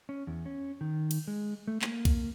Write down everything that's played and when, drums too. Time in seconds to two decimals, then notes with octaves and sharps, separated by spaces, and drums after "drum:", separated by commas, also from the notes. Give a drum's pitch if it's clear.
0.09 C#4
0.27 E2
0.46 C#4
0.81 D#3
1.11 drum: cymbal
1.28 G#3
1.67 A3
1.82 A#3, drum: clap
2.05 drum: kick B1, cymbal